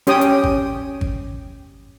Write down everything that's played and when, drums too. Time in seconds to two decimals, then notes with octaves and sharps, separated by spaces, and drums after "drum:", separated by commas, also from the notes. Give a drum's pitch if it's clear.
0.07 C#4 G4 C#5 G5 D#6, drum: hi-hat
0.21 drum: hi-hat
0.44 drum: kick G#1
1.01 drum: kick G#1